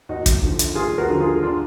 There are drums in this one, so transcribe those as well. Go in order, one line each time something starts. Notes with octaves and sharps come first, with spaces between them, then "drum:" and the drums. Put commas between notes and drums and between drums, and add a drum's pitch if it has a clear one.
D#2 D#4 F#4
drum: kick, hi-hat
D3 F3
drum: hi-hat
D#2 F4 G#4
F#4 A#4
D3 F3
F4 G#4
D4 F4